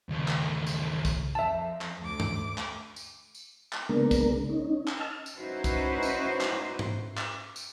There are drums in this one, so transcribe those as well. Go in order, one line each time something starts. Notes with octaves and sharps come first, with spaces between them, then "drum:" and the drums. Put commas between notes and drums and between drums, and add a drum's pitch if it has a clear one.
D#2 C#3
drum: clap
drum: tambourine
drum: kick, tambourine
F2 E5 A5
drum: clap
D2 D6
drum: tom G2
drum: clap
drum: tambourine
drum: tambourine
drum: clap
C#3 G#3 A#3 B3 D4 A#4
drum: kick, tambourine
C#4 D#4
drum: clap
D#5 A5 E6 F6
drum: tambourine
C#4 D#4 E4 F#4 B4 C5
drum: kick, tambourine
drum: tambourine
drum: clap
drum: tom G#2
drum: clap
drum: tambourine